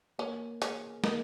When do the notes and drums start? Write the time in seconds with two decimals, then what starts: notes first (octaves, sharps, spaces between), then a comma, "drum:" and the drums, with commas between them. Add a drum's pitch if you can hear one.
0.18 A#3 C#4
0.62 C#4 G#4, drum: hi-hat
1.04 A#3 D#4, drum: snare